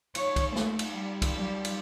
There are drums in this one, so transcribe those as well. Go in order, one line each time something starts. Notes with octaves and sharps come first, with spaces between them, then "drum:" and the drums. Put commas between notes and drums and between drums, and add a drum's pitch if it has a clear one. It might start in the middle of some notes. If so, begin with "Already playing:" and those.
C#5, drum: cymbal
drum: kick C2, cymbal
A3, drum: snare
drum: cymbal
G3
drum: kick C2, cymbal
G3
drum: cymbal